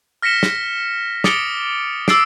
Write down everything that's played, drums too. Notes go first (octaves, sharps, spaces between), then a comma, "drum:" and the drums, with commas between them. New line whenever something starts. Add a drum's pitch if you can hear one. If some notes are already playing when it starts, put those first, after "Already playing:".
F6 A#6 B6 C#7 E7 G7
drum: snare
D6 D#6 A6 C#7 D7 G7, drum: snare
D6 E6 A6 C7 D7, drum: snare